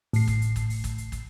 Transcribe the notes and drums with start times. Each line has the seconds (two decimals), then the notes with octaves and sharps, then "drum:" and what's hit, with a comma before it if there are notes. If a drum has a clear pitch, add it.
0.13 A2 C7, drum: open hi-hat
0.28 drum: kick, hi-hat
0.42 drum: hi-hat
0.56 drum: kick, hi-hat
0.70 drum: open hi-hat
0.84 drum: kick, hi-hat
0.98 drum: hi-hat
1.12 drum: kick, hi-hat